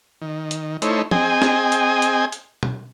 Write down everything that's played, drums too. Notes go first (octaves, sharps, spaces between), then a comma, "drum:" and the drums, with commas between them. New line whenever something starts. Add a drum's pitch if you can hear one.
D#3
drum: hi-hat
A3 D#4 E4 C5 C#5, drum: hi-hat
C4 G#4 D#5 G5 G#5, drum: tom
drum: snare
drum: hi-hat
drum: hi-hat
drum: hi-hat
drum: tom